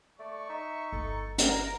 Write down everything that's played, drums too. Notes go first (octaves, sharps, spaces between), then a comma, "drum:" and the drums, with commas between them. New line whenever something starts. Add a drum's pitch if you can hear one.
A3 D5 C#6
D#4 E5
G1 D4 A4
A#4 A#5, drum: hi-hat